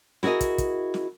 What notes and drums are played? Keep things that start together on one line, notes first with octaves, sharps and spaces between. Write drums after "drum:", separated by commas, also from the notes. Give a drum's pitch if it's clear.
E4 F#4 G#4 A#4 D#5, drum: snare
drum: kick, hi-hat
drum: kick, hi-hat
drum: snare